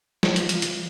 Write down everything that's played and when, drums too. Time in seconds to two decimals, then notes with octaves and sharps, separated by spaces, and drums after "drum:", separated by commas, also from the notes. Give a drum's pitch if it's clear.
0.23 F3, drum: snare
0.36 drum: hi-hat
0.49 drum: hi-hat
0.62 drum: hi-hat